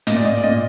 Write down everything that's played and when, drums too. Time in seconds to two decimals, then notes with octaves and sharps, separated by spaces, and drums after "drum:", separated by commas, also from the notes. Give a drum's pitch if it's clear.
0.07 A#2 D#5, drum: hi-hat
0.16 D5
0.25 A#2 D#5
0.37 D5
0.43 A#2 D#5